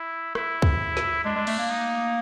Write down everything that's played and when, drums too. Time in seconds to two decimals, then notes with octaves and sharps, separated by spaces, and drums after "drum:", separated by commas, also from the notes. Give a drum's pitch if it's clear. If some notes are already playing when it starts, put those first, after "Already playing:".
Already playing: E4
0.35 E4, drum: rim click
0.62 drum: kick C#2
0.97 drum: snare
1.24 G#3 D4
1.36 G#3
1.47 A3, drum: cymbal
1.59 A#3
1.70 D#4